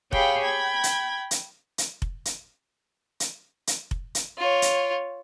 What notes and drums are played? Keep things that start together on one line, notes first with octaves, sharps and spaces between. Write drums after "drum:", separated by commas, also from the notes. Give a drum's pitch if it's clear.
G4 G#4 C#5 F5 G5 B5, drum: kick F1
G5 B5 G#6
drum: hi-hat
drum: hi-hat
drum: hi-hat
drum: kick F1
drum: hi-hat
drum: hi-hat
drum: hi-hat
drum: kick F1
drum: hi-hat
F4 C#5
drum: hi-hat